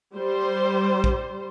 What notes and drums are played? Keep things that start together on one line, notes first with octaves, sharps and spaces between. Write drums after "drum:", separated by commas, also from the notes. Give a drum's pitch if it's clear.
G3 C5
drum: kick A#1